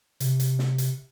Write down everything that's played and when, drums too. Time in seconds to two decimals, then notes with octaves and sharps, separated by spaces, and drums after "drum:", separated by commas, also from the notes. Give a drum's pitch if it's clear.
0.20 C3, drum: hi-hat
0.40 drum: hi-hat
0.59 drum: snare
0.78 drum: hi-hat